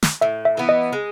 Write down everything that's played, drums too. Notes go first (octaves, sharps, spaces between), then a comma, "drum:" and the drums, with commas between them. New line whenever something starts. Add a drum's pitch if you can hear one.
drum: snare
A2 E5
E5
E3 B3
D#5
G#3